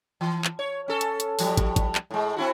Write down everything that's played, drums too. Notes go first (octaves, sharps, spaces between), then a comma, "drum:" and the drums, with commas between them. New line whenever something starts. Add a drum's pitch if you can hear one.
E3
drum: clap
C#5
C#4 A4
drum: hi-hat
drum: hi-hat
A2 F3 G3, drum: open hi-hat
drum: kick, hi-hat
drum: kick, hi-hat
drum: clap
A2 G#3
C4 E4 F#4